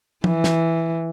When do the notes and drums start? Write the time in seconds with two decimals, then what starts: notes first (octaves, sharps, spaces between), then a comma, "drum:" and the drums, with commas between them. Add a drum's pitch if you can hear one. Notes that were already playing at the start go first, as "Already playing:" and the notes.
0.24 E3, drum: tom
0.44 drum: snare